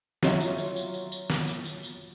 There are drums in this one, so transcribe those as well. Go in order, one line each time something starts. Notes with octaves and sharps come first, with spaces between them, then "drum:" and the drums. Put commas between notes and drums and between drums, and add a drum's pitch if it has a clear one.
F#3 F4 C#5 E5, drum: snare
drum: tambourine
drum: tambourine
drum: tambourine
drum: tambourine
drum: tambourine
drum: snare
drum: tambourine
drum: tambourine
drum: tambourine